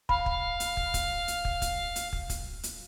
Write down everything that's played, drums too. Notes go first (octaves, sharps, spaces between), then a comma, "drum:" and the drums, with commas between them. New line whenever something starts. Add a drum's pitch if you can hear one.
F5 B5, drum: kick
drum: kick
drum: hi-hat
drum: kick
drum: kick, hi-hat
drum: hi-hat
drum: kick
drum: kick, hi-hat
drum: hi-hat
drum: kick
drum: kick, hi-hat
drum: hi-hat